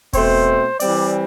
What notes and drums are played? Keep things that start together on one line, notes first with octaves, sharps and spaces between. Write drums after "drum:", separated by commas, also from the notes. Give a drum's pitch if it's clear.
B2 A3 C4 C5, drum: kick E1, open hi-hat
E3 G3 C4 D5, drum: open hi-hat